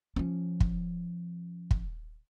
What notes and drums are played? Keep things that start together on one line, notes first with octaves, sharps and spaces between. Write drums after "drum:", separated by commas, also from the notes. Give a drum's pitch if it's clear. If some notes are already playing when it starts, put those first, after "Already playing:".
F3 C#4
drum: kick
drum: kick